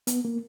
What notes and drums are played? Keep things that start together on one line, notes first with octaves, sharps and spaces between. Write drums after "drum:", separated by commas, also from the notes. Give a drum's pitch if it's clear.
B3, drum: hi-hat
A#3